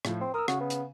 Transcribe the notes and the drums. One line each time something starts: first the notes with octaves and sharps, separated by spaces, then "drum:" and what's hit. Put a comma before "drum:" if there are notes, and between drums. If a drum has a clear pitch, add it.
A2 F3, drum: rim click
C4 C6
A#4 D#6 E6
C#3 F#4, drum: rim click
B3
drum: hi-hat